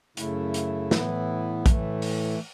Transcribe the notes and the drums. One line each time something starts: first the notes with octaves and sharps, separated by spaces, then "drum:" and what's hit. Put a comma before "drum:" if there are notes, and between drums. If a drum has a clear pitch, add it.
F#2 C#3 A3 E4, drum: hi-hat
drum: hi-hat
A2 E3 B3 E4, drum: snare
A2 E3 A3, drum: kick A#1, hi-hat
drum: open hi-hat